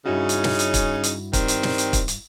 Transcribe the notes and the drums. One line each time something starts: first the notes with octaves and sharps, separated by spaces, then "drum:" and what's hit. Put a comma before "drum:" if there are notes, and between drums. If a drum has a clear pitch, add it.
G2 C#3 C#4 D#4 E4 F#4
drum: hi-hat
drum: snare
drum: hi-hat
drum: kick, hi-hat
drum: hi-hat
D#3 G3 C4, drum: kick, hi-hat
drum: hi-hat
drum: snare
drum: hi-hat
drum: kick, hi-hat
drum: hi-hat